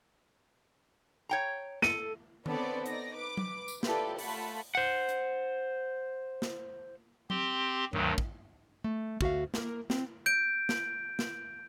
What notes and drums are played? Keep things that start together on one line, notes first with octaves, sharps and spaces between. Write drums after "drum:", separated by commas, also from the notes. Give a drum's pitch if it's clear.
C#5 G5 A#5
A4 D#7, drum: snare
B3 C4 D4 A4 C#5 D5, drum: tom D#3
D#4 D5 A#6, drum: hi-hat
B4 D6
drum: tom F#3
drum: tambourine
E4 F4 G4 A4 B4 D5, drum: snare
A3 F4 F#5 A5 B5, drum: open hi-hat
C5 F#5
drum: hi-hat
drum: snare
C4 G4 C6, drum: tom F#3
D2 G2 D#3 F#3, drum: tom G2
drum: kick
A3
D2 F#4 E5 F5, drum: kick
A#3 A#4, drum: snare
C4, drum: snare
G6 D7
drum: snare
drum: snare